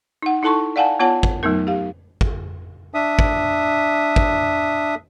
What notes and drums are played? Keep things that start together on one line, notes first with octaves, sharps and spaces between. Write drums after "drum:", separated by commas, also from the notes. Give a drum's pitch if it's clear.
D#4 F#5
D#4 E4 A4 A5 C6 C#6
D5 F5 F#5 G#5 A5
B3 F4 C#5 F#5 A5
drum: kick
F#3 A3 B3 D#4 A#4
G4 F5
drum: kick
D4 E5 D#6
drum: kick
drum: kick